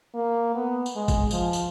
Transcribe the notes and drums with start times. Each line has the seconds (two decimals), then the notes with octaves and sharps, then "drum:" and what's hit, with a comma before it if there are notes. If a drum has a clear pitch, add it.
0.14 A#3
0.55 B3
0.86 drum: tambourine
0.96 G#3
1.08 drum: kick, tambourine
1.31 F3, drum: tambourine
1.53 drum: tambourine